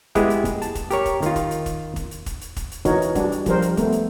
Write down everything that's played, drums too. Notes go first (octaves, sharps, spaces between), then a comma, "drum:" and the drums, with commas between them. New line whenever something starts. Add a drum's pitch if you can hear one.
G#3 B3 E4 G4 G#4, drum: kick, hi-hat
drum: hi-hat
drum: kick, hi-hat
A5, drum: hi-hat
drum: kick, hi-hat
G4 A#4 C#5, drum: hi-hat
drum: kick, hi-hat
D#3 F4, drum: hi-hat
drum: kick, hi-hat
drum: hi-hat
drum: kick, hi-hat
drum: kick, hi-hat
drum: hi-hat
drum: kick, hi-hat
drum: hi-hat
drum: kick, hi-hat
drum: hi-hat
E3 D#4 F#4 A#4 C#5, drum: kick, hi-hat
drum: hi-hat
G3 D4 F#4, drum: kick, hi-hat
drum: hi-hat
F3 G3 A#4 C5, drum: kick, hi-hat
drum: hi-hat
A3 B3, drum: kick, hi-hat
drum: hi-hat